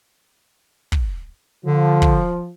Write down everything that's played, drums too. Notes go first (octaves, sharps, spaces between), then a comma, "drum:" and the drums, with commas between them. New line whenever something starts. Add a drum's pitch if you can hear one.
drum: kick
D3 F3
drum: kick